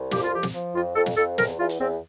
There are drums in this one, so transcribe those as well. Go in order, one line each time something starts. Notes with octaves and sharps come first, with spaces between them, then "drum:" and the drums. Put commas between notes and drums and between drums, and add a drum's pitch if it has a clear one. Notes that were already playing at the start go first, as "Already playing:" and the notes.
Already playing: C2
F2 G4, drum: snare
F4
F3 G4
drum: snare
F3
F2 F4
F2 A4
drum: snare
F2 A4
E2 A#4, drum: snare
E2 F4
drum: hi-hat
E2 C4